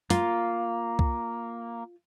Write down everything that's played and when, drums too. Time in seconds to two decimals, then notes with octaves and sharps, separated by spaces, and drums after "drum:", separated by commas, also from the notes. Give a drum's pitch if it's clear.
0.10 A#3 F4, drum: hi-hat
0.99 drum: kick C2